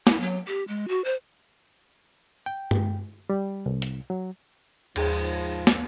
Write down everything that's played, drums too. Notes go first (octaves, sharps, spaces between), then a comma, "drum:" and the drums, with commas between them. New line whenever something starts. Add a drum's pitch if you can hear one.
E4, drum: snare
F#3
G4
G#3
F#4
C5
G5
drum: tom G2
G3
C2
drum: hi-hat
F#3
D#2 G#2 F3 G#4, drum: cymbal
drum: snare